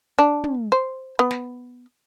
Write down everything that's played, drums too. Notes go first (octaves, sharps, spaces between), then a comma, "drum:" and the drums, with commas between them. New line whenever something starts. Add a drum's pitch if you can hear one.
D4
drum: tom
C5
B3
drum: snare